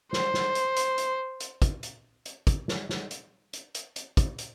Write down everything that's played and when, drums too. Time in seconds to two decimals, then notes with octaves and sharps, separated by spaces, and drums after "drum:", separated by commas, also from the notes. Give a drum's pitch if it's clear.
0.13 C5, drum: snare
0.34 drum: snare
0.55 drum: hi-hat
0.76 drum: hi-hat
0.98 drum: hi-hat
1.40 drum: hi-hat
1.62 drum: kick, hi-hat
1.83 drum: hi-hat
2.26 drum: hi-hat
2.47 drum: kick, hi-hat
2.68 drum: snare
2.89 drum: snare
3.11 drum: hi-hat
3.53 drum: hi-hat
3.75 drum: hi-hat
3.96 drum: hi-hat
4.17 drum: kick, hi-hat
4.38 drum: hi-hat